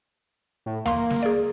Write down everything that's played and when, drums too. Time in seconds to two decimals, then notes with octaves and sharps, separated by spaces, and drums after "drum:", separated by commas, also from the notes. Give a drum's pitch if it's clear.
0.66 A2
0.86 A#3 F5 C6, drum: tom D#2
1.10 drum: snare
1.23 G#4 D5